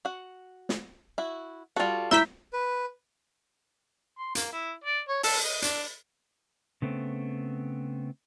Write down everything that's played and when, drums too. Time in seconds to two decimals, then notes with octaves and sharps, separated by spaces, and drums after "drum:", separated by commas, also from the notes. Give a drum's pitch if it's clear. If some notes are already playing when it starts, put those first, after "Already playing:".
0.05 F#4 F#5
0.69 drum: snare
1.18 E4 F#4
1.76 G3 F4 F#4 A4
2.11 E4 A#5 E6 G6 B6 G7, drum: snare
2.53 B4
4.19 C6
4.35 A#3, drum: hi-hat
4.52 E4
4.84 D5
5.08 C#5
5.23 A4, drum: open hi-hat
5.43 D#5
5.62 D4, drum: hi-hat
6.82 C#3 A3 B3 C4